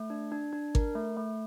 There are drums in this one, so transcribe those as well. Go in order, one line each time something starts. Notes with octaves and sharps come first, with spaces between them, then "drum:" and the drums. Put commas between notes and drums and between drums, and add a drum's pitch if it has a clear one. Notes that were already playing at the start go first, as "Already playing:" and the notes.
Already playing: A3
D4
D4
D4
A#4, drum: kick G#1
A3
A3